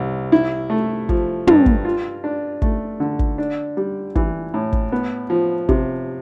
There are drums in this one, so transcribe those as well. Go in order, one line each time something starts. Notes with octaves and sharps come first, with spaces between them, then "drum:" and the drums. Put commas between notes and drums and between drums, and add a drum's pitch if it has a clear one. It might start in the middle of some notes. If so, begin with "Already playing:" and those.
Already playing: C2
E4
A3
F3, drum: kick
G2, drum: tom
drum: kick
F4
D4
A3, drum: kick
D3
drum: kick
D4
G3
E3, drum: kick
A2
drum: kick
B3
F3
C3, drum: kick